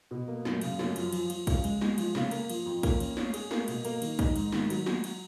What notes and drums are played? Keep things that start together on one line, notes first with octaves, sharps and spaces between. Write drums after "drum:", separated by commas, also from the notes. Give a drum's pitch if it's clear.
B2
A#3
F#2, drum: snare
C#3, drum: cymbal
F#2, drum: snare
F3, drum: cymbal
F3, drum: cymbal
F3, drum: cymbal
C#3, drum: kick, cymbal
G#3, drum: cymbal
G#3, drum: snare
F3, drum: cymbal
C#3, drum: snare
A#3, drum: cymbal
F3, drum: cymbal
F2
A#3, drum: kick, cymbal
C#4, drum: cymbal
C#4, drum: snare
G#4, drum: cymbal
A#3, drum: snare
B2, drum: cymbal
A#3, drum: cymbal
D#3, drum: cymbal
D#4, drum: kick, cymbal
G#2, drum: cymbal
D#3, drum: snare
F#3, drum: cymbal
F#3, drum: snare
drum: cymbal